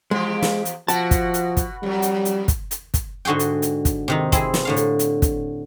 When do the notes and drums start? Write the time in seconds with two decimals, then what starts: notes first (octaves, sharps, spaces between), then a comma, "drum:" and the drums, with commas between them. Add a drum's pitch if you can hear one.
0.11 E2 F3 G#3 G4
0.42 drum: snare
0.65 drum: hi-hat
0.88 B2 F3 F#4 A5, drum: hi-hat
1.11 drum: kick, hi-hat
1.34 drum: hi-hat
1.57 drum: kick, hi-hat
1.83 F2 F#3 G3
2.02 drum: hi-hat
2.25 drum: hi-hat
2.48 drum: kick, hi-hat
2.71 drum: hi-hat
2.94 drum: kick, hi-hat
3.25 G#2 D3 F#4 G#4 G5
3.39 drum: hi-hat
3.62 drum: hi-hat
3.85 drum: kick, hi-hat
4.08 C3 D#3 D#4
4.32 C4 E4 G#4, drum: kick, hi-hat
4.54 drum: snare
4.65 A2 D3 F5
4.76 drum: hi-hat
4.99 drum: hi-hat
5.22 drum: kick, hi-hat